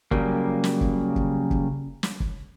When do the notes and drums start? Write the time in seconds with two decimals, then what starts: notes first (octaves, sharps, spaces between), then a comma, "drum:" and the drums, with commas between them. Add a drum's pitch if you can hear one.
0.11 C#3 F#3 G3 A#3, drum: kick
0.64 drum: snare
0.81 drum: kick
1.16 drum: kick
1.51 drum: kick
2.03 drum: snare
2.20 drum: kick